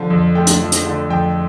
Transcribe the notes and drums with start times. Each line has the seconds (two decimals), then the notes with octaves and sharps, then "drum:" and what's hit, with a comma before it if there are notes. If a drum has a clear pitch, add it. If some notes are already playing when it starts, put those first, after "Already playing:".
Already playing: D3 F3
0.10 F2
0.35 A3 G5
0.47 drum: hi-hat
0.60 F3
0.72 drum: hi-hat
0.85 D3
1.10 F2 G5